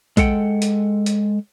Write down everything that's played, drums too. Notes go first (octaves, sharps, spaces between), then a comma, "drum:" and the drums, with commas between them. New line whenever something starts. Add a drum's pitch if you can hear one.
G#3 A4 F#5 G5, drum: kick A#1, hi-hat
drum: hi-hat
drum: hi-hat